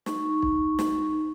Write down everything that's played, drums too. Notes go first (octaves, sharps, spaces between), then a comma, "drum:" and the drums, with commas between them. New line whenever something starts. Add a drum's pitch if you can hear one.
D#4 C#6, drum: snare
drum: kick
drum: snare